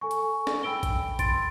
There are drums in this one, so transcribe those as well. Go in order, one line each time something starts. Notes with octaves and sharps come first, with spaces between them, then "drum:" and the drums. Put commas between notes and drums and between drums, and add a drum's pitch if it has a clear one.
A4 G#5 C#6
drum: hi-hat
drum: snare
G5 B5 E6 D7 G7
drum: kick A#1, hi-hat
B5 C6 A6 D7, drum: kick A#1, hi-hat